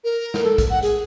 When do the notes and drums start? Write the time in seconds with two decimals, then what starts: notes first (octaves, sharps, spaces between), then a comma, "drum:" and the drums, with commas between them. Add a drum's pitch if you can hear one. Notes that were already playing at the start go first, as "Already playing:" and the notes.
0.04 A#4
0.34 drum: snare
0.44 A4
0.58 drum: kick, hi-hat
0.70 F#5
0.83 G#4, drum: hi-hat